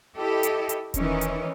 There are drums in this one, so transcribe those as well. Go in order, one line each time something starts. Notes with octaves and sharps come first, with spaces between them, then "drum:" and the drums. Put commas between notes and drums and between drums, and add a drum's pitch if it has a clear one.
E4 G4 A4 D#5
drum: hi-hat
drum: hi-hat
D#3 E3 C#4, drum: kick E1, hi-hat
drum: hi-hat